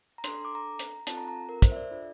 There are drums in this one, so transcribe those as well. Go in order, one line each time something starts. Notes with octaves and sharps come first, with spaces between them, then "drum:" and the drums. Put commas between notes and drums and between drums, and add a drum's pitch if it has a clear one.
A#5
D4 A4 C6, drum: hi-hat
D6
A#5
drum: hi-hat
C4 F4 A4 A5, drum: hi-hat
A#5
A#5
A#4
C5, drum: kick, hi-hat
E5
D5
D4 F4 A4